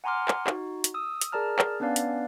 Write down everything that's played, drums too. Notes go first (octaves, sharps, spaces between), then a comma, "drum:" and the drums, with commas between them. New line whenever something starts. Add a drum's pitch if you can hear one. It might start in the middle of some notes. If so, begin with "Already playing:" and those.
F#5 G#5 A#5 C6 D6 F6
drum: clap
D#4 F#4, drum: clap
drum: hi-hat
D#6 E6
drum: hi-hat
G#4 A#4 D5 A5 A#5 F6
drum: clap
B3 C#4 D4 B4 D5 F5
drum: hi-hat